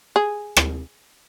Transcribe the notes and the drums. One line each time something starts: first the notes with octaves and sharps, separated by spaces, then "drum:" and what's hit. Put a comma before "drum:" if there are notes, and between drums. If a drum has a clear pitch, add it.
G#4
drum: rim click